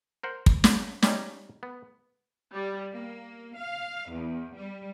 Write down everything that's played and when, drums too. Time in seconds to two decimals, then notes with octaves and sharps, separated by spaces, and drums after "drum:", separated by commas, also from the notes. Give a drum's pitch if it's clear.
0.23 A#4 C5 F#5
0.46 drum: kick
0.64 drum: snare
1.02 G3 C#4 D#4, drum: snare
1.63 B3
2.54 G3
2.93 A#3
3.57 F5
4.10 E2
4.56 G3